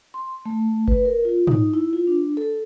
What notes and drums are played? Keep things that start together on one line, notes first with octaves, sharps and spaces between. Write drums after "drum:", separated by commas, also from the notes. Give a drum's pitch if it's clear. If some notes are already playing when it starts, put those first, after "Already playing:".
C6
A3
B4, drum: kick F#1
A#4
F4
D#4, drum: tom
E4
F4
D4
A4